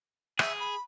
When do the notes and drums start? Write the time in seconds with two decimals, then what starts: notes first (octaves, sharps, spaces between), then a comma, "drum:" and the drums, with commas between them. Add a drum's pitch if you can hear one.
0.39 G#4 E5, drum: rim click
0.59 B5